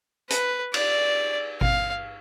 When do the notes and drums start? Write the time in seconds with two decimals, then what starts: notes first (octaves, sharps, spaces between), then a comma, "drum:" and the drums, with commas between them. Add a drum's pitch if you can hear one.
0.30 B4, drum: hi-hat
0.74 D5, drum: cymbal
1.61 F5, drum: kick G#1